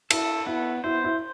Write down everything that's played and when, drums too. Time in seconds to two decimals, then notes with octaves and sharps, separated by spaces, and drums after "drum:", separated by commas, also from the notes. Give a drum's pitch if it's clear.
0.10 E4 A4, drum: cymbal
0.46 B3 E4
0.84 E4 C5
1.04 E4